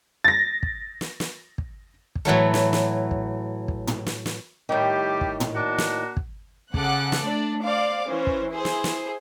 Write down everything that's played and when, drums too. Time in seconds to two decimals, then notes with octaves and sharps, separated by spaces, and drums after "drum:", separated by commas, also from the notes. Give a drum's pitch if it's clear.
0.24 A6 A#6
0.63 drum: kick
1.01 drum: snare
1.20 drum: snare
1.58 drum: kick
2.15 drum: kick
2.25 A2 E3 F#3 A3
2.54 drum: snare
2.73 drum: snare
3.11 drum: kick
3.68 drum: kick
3.87 drum: tom
4.06 drum: snare
4.26 drum: snare
4.69 A2 D#3 G3 G4
5.21 drum: kick
5.40 drum: tom
5.54 A#3 D4 F#4
5.78 drum: snare
6.17 drum: kick
6.74 C#3 G#4 A4 F#5 D6 F#6, drum: kick
7.12 drum: snare
7.22 A3 D4 D5
7.64 C5 D5 F5 D6
8.04 E3 C#4 C5
8.27 drum: kick
8.51 E4 G#4 C5
8.65 drum: snare
8.84 drum: snare